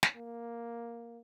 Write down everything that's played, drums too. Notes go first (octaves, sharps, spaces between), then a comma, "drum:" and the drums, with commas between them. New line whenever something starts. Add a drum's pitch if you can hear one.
drum: snare
A#3